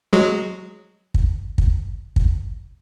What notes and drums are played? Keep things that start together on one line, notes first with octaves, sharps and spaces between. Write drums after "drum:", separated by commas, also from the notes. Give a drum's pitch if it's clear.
F#3 G#3
drum: kick
drum: kick
drum: kick